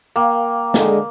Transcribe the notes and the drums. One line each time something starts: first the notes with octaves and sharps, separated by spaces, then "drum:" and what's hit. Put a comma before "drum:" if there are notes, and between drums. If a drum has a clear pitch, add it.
A#3 F5 G5
D3 G#3, drum: snare